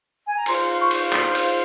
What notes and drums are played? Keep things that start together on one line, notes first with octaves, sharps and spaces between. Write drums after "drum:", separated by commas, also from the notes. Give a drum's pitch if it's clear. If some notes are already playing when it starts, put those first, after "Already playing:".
G#5
A#5
F4 C5 C6, drum: cymbal
C6
C#6
drum: cymbal
drum: clap
drum: cymbal